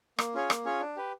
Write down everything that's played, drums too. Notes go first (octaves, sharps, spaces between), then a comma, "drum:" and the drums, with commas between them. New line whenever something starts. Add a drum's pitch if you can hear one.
A#3, drum: rim click
C#4 F4 G#4 C#5
A#3, drum: rim click
C#4 F4 G#4 C#5
D4
G4 B4